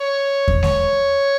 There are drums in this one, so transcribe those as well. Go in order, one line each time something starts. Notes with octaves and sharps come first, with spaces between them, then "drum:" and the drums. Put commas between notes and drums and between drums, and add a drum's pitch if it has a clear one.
C#5
drum: kick E2
C#5, drum: snare G#3